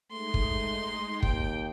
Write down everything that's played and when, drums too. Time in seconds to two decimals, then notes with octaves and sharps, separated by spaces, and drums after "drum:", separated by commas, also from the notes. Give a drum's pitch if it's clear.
0.12 G#3 A3 D#4 C6
0.34 drum: kick
1.22 D#2 G5, drum: kick